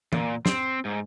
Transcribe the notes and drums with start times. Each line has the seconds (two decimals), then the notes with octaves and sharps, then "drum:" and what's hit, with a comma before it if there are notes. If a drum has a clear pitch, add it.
0.13 A#2, drum: tom E3
0.46 C4, drum: snare
0.85 G#2